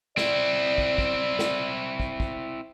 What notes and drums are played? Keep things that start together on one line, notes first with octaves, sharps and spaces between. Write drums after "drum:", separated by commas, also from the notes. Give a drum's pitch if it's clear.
C4 E4 D5, drum: snare
drum: kick
drum: kick
drum: snare
drum: kick
drum: kick